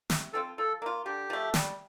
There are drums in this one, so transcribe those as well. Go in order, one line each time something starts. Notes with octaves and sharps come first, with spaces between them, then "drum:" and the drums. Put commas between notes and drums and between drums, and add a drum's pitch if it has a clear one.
C3, drum: snare
F3 C4 F4 A4
F3 A4
A#3 F4
D3 G4
F3 A3
G3, drum: snare